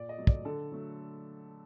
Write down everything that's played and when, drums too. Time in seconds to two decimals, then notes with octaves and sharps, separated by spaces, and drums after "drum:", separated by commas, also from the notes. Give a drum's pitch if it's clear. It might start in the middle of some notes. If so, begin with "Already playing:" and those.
Already playing: A#2 D5
0.09 D#5
0.18 F#3 A3
0.27 D5, drum: kick
0.45 D3 A4
0.71 F#3 A3